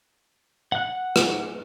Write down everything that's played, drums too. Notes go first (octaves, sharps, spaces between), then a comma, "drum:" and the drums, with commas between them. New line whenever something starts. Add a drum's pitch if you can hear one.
F#5 F#6
drum: rim click